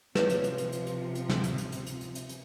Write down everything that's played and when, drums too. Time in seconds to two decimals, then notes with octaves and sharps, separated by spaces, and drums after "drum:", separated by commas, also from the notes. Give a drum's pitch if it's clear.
0.15 C3 F3 B4 C#5, drum: snare
0.30 drum: hi-hat
0.44 drum: hi-hat
0.58 drum: hi-hat
0.72 drum: hi-hat
0.87 drum: hi-hat
1.15 drum: hi-hat
1.29 drum: snare
1.44 drum: hi-hat
1.58 drum: hi-hat
1.72 drum: hi-hat
1.86 drum: hi-hat
2.01 drum: hi-hat
2.15 drum: hi-hat
2.29 drum: hi-hat